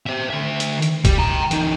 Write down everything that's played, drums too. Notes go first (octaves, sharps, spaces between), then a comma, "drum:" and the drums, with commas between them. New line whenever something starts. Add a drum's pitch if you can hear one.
C5 E5
D3 E5
drum: hi-hat
drum: hi-hat
G3, drum: kick, hi-hat
G5 A#5
E3 D#4, drum: hi-hat